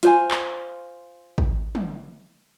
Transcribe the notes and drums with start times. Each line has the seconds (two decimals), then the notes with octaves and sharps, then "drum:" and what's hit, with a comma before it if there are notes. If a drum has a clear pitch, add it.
0.03 F4 C5 G#5, drum: hi-hat
0.31 drum: clap
1.38 drum: kick
1.75 drum: tom